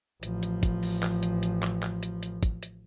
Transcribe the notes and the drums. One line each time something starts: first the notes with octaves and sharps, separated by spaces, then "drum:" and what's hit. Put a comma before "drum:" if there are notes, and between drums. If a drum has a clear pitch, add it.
A1 F3, drum: hi-hat
drum: hi-hat
drum: kick, hi-hat
drum: open hi-hat
drum: clap
drum: hi-hat
drum: hi-hat
drum: clap
drum: clap
drum: hi-hat
drum: hi-hat
drum: kick, hi-hat
drum: hi-hat